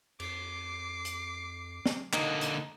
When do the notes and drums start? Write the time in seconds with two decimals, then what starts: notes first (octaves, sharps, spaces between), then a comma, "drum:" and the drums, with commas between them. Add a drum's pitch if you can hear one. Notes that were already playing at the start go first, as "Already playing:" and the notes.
0.20 F2 D6 C7, drum: cymbal
1.05 drum: hi-hat
1.86 drum: snare
2.13 D3 A#3 D#4, drum: clap
2.41 drum: hi-hat